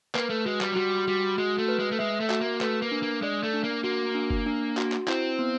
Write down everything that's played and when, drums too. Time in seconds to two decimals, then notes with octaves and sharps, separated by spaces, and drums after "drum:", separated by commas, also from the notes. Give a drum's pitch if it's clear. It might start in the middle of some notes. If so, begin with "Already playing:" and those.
0.15 A#3 B4, drum: clap
0.30 A3
0.45 G#3 F#4
0.61 G3, drum: clap
0.71 F#3
0.76 G3 F#4
1.08 G3 F#4
1.38 G#3 F#4
1.58 A3
1.68 B4
1.79 G#3
1.91 A3
1.99 G#3 E5
2.20 A3
2.30 F#4, drum: clap
2.41 A#3
2.61 A3 B4, drum: clap
2.82 A#3
2.92 D4
3.03 A#3
3.22 G#3 D5
3.43 A3
3.54 D4
3.64 A#3
3.84 A#3 F#4
4.15 D4
4.30 drum: kick
4.46 D4
4.77 F#4, drum: clap
4.92 drum: clap
5.08 C4 E4, drum: clap
5.39 B3